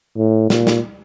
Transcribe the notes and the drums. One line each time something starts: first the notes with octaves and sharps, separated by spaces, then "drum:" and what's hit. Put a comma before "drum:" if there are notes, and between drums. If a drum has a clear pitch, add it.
A2
A#2, drum: snare
drum: snare